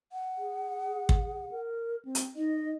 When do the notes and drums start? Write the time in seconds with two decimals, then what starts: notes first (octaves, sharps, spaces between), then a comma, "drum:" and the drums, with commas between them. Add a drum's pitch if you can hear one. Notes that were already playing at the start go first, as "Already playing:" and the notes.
0.12 F#5
0.38 G#4
1.09 drum: kick
1.51 A#4
2.05 C4
2.15 drum: hi-hat
2.36 D#4 D#5